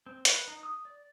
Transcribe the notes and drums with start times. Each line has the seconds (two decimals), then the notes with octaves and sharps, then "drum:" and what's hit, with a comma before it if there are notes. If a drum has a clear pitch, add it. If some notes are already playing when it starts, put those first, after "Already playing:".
0.06 C4
0.25 B4, drum: hi-hat
0.48 D#4
0.63 D#6
0.85 D5